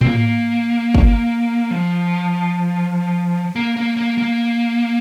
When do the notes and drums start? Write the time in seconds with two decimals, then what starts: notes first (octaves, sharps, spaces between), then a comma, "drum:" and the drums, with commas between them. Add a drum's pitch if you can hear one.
0.01 C4, drum: tom A2
0.06 A#3
0.95 drum: kick G1
1.71 F3
3.56 A#3
3.77 A#3
3.97 A#3
4.18 A#3